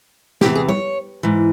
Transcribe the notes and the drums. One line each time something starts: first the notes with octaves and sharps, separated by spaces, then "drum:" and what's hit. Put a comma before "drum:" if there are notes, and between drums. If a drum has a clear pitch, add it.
E2 C3 E3 G4, drum: snare
G#4
C#5, drum: tom
G#2 E3